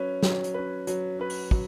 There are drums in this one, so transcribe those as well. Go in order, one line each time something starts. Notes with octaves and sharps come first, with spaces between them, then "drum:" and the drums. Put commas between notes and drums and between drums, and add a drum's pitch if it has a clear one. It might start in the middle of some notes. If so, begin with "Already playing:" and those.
Already playing: F#3 C#4 B4
F#3, drum: snare
drum: hi-hat
C#4 B4
F#3, drum: hi-hat
C#4 B4
drum: open hi-hat
F#3, drum: kick